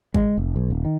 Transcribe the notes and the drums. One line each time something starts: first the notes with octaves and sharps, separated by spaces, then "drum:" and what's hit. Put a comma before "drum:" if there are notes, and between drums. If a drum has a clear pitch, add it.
G#3, drum: kick G#1
F1
B1
D#1
D#3